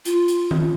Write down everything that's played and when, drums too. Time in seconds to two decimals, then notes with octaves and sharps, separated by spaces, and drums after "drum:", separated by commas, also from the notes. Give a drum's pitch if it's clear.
0.05 F4, drum: hi-hat
0.28 drum: hi-hat
0.51 drum: tom D#3